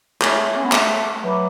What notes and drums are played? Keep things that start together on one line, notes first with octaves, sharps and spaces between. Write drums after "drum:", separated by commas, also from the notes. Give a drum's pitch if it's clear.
A3 G#4 C#5 E5 G#5 C#6, drum: clap
C#4
B3
A3, drum: clap
F#3 B4 E5 B5 D6